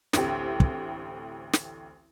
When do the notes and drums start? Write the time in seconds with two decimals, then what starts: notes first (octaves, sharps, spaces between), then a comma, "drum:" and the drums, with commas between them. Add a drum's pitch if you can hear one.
0.13 A1 D2 C4 G4, drum: snare
0.60 drum: kick
1.53 drum: snare